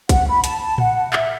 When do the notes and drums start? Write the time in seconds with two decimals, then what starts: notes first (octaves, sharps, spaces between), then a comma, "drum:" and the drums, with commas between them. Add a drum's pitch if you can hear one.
0.09 F#5, drum: kick, hi-hat
0.27 B5
0.44 A5, drum: hi-hat
0.62 A5
0.78 F#5, drum: tom A2
1.13 E5, drum: clap